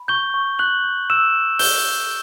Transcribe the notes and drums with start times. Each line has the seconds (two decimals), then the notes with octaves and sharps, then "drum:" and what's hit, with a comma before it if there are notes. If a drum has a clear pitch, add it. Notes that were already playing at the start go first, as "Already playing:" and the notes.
Already playing: B5
0.08 C#6 G6 G7
0.34 C#6
0.59 F#6 G6 F#7
0.84 G6
1.10 E6 F#6 E7
1.35 F#6
1.59 F#6 G6 G7, drum: open hi-hat